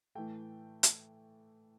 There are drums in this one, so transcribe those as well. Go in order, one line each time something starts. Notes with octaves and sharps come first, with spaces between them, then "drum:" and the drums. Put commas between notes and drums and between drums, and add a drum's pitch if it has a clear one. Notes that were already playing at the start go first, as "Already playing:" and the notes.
A2 E3 A3 G5
drum: hi-hat